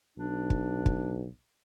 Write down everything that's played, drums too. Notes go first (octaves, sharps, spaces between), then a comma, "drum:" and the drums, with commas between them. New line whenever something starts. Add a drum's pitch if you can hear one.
B1 D4
drum: kick
drum: kick